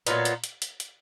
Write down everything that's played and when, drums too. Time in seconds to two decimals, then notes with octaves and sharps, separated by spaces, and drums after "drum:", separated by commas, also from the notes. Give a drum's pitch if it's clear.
0.07 A#2 F#3 B3 D#4 F4, drum: hi-hat
0.25 drum: hi-hat
0.44 drum: hi-hat
0.62 drum: hi-hat
0.80 drum: hi-hat